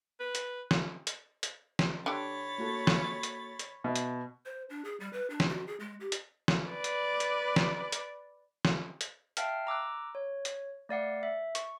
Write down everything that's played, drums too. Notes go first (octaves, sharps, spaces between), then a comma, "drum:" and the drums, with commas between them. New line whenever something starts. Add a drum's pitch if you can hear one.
B4
drum: hi-hat
drum: snare
drum: hi-hat
drum: hi-hat
drum: snare
D3 G4 C#5 B5 A6
A#3 F#4 A4
drum: snare
drum: hi-hat
drum: hi-hat
B2 E5
drum: hi-hat
C5
D4
G#4
G3
B4
D4
drum: snare
F#4
G#4
G#3
G4
drum: hi-hat
drum: snare
B4 D5
drum: hi-hat
drum: hi-hat
drum: snare
drum: hi-hat
drum: snare
drum: hi-hat
E5 F5 G5 A5 F6, drum: hi-hat
A#5 D6 E6 F#6
C#5
drum: hi-hat
A3 D5 F5 F#5
E5
C#6, drum: hi-hat